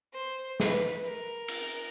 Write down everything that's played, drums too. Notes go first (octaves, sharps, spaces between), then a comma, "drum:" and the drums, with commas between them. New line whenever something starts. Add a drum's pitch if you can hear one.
C5
B4, drum: snare
A#4
drum: cymbal